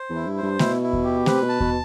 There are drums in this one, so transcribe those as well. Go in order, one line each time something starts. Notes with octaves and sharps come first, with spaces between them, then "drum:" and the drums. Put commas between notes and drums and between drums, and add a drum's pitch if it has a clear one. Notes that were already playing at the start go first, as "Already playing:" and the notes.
Already playing: C5
E2
E4
G2
C5
G2
B2 E4, drum: snare A3
E4
drum: kick D#2
G4
C3 B4, drum: snare A3
B2
A5
B2, drum: kick D#2